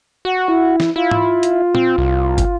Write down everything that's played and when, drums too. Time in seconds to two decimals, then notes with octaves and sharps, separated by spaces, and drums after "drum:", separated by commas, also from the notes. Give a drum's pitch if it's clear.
0.25 F#4 F#5
0.48 E4
0.80 drum: snare
0.96 E4 F4
1.11 drum: tom G#2
1.43 drum: hi-hat
1.75 C4, drum: tom
1.98 C2
2.38 drum: kick, hi-hat